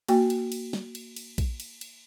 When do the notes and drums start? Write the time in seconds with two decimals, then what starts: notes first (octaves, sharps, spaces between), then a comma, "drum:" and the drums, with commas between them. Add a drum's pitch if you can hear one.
0.08 A#3 F#4 G5, drum: cymbal
0.30 drum: cymbal
0.52 drum: cymbal
0.73 drum: snare
0.95 drum: cymbal
1.16 drum: cymbal
1.38 drum: kick A#1, cymbal
1.60 drum: cymbal
1.81 drum: cymbal